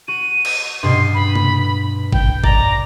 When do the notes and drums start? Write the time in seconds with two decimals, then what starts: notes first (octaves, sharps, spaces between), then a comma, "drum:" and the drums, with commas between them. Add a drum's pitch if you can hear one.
0.08 F#4 D#7
0.45 drum: cymbal
0.83 G2 B2 C6
1.14 B5
1.35 drum: tom C3
2.13 G5, drum: kick G#1
2.44 D5 A#5, drum: kick G#1